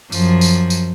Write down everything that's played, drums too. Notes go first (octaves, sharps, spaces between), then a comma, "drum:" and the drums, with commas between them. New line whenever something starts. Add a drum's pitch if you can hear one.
F#2 F3, drum: tambourine
drum: tambourine
drum: tambourine